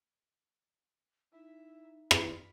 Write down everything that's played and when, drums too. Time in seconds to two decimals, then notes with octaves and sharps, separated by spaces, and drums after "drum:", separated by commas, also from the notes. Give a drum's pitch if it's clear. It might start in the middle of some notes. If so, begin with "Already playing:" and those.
1.33 D#4 E4 E5
2.11 F4 B5, drum: rim click